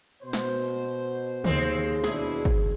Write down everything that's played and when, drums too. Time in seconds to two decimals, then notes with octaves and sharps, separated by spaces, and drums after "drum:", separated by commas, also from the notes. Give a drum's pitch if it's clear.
0.23 B2 C5
0.33 drum: snare
1.44 D#2 G#3 C4, drum: tom
2.04 B2 D4 E4 G#4, drum: snare
2.45 drum: kick